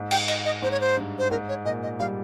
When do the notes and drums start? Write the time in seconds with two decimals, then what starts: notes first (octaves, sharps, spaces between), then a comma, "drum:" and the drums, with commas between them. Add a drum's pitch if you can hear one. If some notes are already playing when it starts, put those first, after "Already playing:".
Already playing: G#2
0.11 G5, drum: cymbal
0.28 D#5, drum: cymbal
0.45 D#5
0.62 G#2 C5
0.71 C#5
0.81 C5
0.97 G2
1.19 C5
1.31 G#2 A#4
1.49 C#5
1.65 A#2 D#5
1.82 D#5
1.99 G3 F5